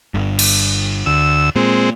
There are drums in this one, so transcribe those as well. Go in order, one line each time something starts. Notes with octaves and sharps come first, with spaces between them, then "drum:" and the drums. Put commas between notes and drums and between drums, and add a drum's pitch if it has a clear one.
G1 G2
drum: cymbal
D2 E6
A#2 G#3 C4